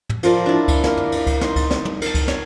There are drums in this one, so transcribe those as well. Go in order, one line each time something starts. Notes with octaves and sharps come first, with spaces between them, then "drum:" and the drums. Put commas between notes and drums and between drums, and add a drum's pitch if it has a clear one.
drum: tom
F3 F4 A#4 D5, drum: cymbal
D4 E4
drum: kick C#2, cymbal
A#3 A#4, drum: snare
drum: tom
drum: cymbal
drum: kick C#2, cymbal
D#4 C6, drum: snare
drum: kick C#2, cymbal
drum: snare
drum: tom
A#4 A5, drum: cymbal
drum: kick C#2, cymbal
C#5, drum: snare